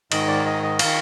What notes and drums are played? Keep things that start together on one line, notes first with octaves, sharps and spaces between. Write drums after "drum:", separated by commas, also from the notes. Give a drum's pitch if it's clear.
G#2 D#3 D#5, drum: cymbal
D5
D#5
D#5
D#3 F5, drum: cymbal